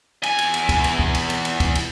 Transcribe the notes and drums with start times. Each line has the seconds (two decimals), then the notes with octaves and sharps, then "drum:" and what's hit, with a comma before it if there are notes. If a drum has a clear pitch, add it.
0.23 E2 G#5, drum: cymbal
0.39 drum: cymbal
0.54 drum: cymbal
0.69 drum: kick, cymbal
0.84 drum: cymbal
0.99 drum: kick
1.15 drum: cymbal
1.30 drum: cymbal
1.45 drum: cymbal
1.60 drum: kick, cymbal
1.75 drum: cymbal